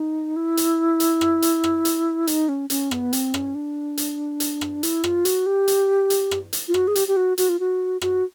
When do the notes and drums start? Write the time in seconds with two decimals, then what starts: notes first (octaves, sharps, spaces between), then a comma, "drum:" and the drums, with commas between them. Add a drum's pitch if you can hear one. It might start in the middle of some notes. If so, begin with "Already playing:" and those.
Already playing: D#4
0.36 E4
0.57 drum: hi-hat
1.00 drum: hi-hat
1.21 drum: rim click
1.42 drum: hi-hat
1.64 drum: rim click
1.85 drum: hi-hat
2.27 D#4, drum: hi-hat
2.49 C#4
2.70 C#4, drum: hi-hat
2.91 B3, drum: rim click
3.13 C4, drum: hi-hat
3.34 C#4, drum: rim click
3.55 D4
3.97 drum: hi-hat
4.40 drum: hi-hat
4.61 drum: rim click
4.83 E4, drum: hi-hat
5.04 F4, drum: rim click
5.25 F#4, drum: hi-hat
5.46 G4
5.68 drum: hi-hat
6.10 drum: hi-hat
6.31 drum: rim click
6.53 drum: hi-hat
6.68 F4
6.74 F#4, drum: rim click
6.88 G#4
6.95 G4, drum: hi-hat
7.08 G4
7.17 F#4
7.38 F#4, drum: hi-hat
7.49 F4
7.60 F#4
8.01 F#4, drum: rim click